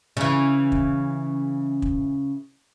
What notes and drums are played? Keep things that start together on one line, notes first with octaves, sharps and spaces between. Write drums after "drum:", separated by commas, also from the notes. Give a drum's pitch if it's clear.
C#3 E3
drum: kick
drum: kick